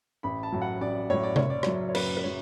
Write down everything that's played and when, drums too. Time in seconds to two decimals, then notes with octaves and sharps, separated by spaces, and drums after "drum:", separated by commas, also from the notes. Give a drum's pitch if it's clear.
0.23 A1 B5
0.43 A5
0.52 A2 F#3
0.62 F#5
0.81 A1 D5
1.10 A2 F#3 C#5
1.23 D5
1.36 F#1 C#5, drum: tom C3
1.50 D5
1.63 F#2 C#3 F#3 C#5, drum: rim click
1.89 C#5
1.95 F#1 B4, drum: cymbal
2.17 B4
2.23 C#3 F#3 C#5